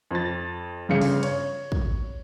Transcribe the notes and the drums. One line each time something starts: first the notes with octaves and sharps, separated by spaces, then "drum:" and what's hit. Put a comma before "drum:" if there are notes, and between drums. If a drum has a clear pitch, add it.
F2 A6
G1 C#3 F5 C#7
drum: open hi-hat
C#5, drum: cymbal
drum: kick